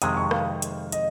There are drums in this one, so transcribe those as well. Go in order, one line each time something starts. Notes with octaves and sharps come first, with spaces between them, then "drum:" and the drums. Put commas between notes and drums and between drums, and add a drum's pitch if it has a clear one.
F2 C3 D#3 G#3 D#6, drum: hi-hat
C#6
F5, drum: rim click
drum: hi-hat
D#5, drum: hi-hat